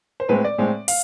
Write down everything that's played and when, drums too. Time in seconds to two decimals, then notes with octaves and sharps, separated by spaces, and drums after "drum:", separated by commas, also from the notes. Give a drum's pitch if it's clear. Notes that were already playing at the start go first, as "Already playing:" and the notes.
0.20 C5
0.29 A2 G#3 C4 B4
0.44 D5
0.58 A2 G#3 C4
0.88 F5, drum: open hi-hat